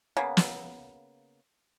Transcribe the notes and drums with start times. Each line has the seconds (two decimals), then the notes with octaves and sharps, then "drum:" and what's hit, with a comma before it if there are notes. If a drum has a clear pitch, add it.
0.17 C#3 A#3 B3
0.37 drum: snare